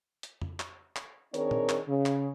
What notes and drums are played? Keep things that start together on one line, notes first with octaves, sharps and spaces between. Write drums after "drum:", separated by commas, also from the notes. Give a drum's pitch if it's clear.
drum: hi-hat
drum: tom F2
drum: clap
drum: clap
D#3 C4 D4 G#4 A#4 C#5, drum: hi-hat
drum: tom A#2
drum: clap
C#3
drum: clap